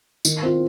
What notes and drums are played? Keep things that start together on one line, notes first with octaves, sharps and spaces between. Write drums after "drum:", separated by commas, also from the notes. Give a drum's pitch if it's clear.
D#3, drum: tambourine
C4 F4